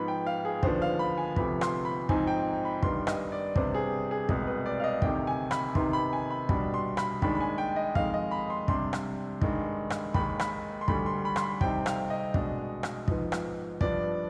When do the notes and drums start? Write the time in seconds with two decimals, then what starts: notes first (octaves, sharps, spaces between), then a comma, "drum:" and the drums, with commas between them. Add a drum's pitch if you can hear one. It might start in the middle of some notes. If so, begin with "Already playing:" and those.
Already playing: G#2 F3 B3 B5
0.08 G5
0.27 F5
0.45 G#4
0.63 D#2 D3 F3 B3 D4 C5, drum: kick
0.82 F5
0.99 B5
1.18 G#5
1.36 D2 C3 F3 B3 B5, drum: kick
1.61 C6, drum: rim click
1.85 B5
2.09 G#2 F3 C4 D#4 G#5, drum: kick
2.27 G5
2.65 B5
2.83 G2 D#3 G3 B3 C6, drum: kick
3.07 D#5, drum: rim click
3.32 D5
3.56 C3 G3 B3 D4 C5, drum: kick
3.74 G#4
4.11 G#4
4.29 C2 B2 G#3 B3 G#4, drum: kick
4.47 B4
4.66 D5
4.80 F5
4.84 D#5
5.02 D2 C3 D#3 G5, drum: kick
5.27 G#5
5.51 B5, drum: rim click
5.75 C3 D#3 B3 D#4 C6, drum: kick
5.93 B5
6.13 G#5
6.31 B5
6.49 B2 G3 D4 B5, drum: kick
6.74 C6
6.97 B5, drum: rim click
7.22 D#2 D#3 G#3 D4 B5, drum: kick
7.35 B5
7.41 G#5
7.58 G5
7.76 D#5
7.95 F2 D#3 G#3 F5, drum: kick
8.14 D#5
8.31 B5
8.50 C6
8.68 C3 G3 D4 C6, drum: kick
8.93 drum: rim click
9.42 G2 D#3 G#3, drum: kick
9.90 drum: rim click
10.14 D#2 D#3 G#3 B5, drum: kick
10.39 B5, drum: rim click
10.81 C6
10.88 D2 D3 G3 B5, drum: kick
11.06 C6
11.25 B5
11.36 C6, drum: rim click
11.42 B5
11.61 C3 G3 C4 D#4 G5, drum: kick
11.86 F5, drum: rim click
12.10 D#5
12.34 B2 G#3 D4, drum: kick
12.83 drum: rim click
13.08 G#2 F3 B3, drum: kick
13.32 drum: rim click
13.81 G2 F3 B3 D4 D5, drum: kick